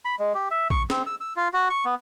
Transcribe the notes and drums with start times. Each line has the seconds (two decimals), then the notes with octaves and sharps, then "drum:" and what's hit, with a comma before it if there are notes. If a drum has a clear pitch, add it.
0.05 B5
0.19 G#3
0.34 G4
0.51 E5
0.70 C#6, drum: kick
0.90 C4, drum: snare
1.06 E6
1.21 E6
1.36 F4
1.53 F#4
1.70 C#6
1.85 B3